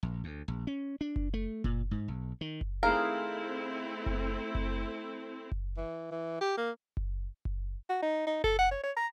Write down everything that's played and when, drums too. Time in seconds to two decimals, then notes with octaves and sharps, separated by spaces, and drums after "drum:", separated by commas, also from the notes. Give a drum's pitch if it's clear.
0.03 A#1
0.24 D2
0.48 A#1
0.67 C#4
1.01 D4
1.16 drum: kick F#1
1.34 A3
1.64 A#2, drum: kick F#1
1.91 G#2
2.08 B1
2.41 D#3
2.61 drum: kick F#1
2.83 A3 C4 D#4 E4 G#4 A#4 F5
4.06 drum: kick F#1
4.55 drum: kick F#1
5.52 drum: kick F#1
5.77 E3
6.12 E3
6.41 G4
6.57 A#3
6.97 drum: kick F#1
7.45 drum: kick F#1
7.89 F#4
8.02 D#4
8.27 D#4
8.44 A4, drum: kick F#1
8.59 F#5
8.71 C#5
8.83 C#5
8.97 A#5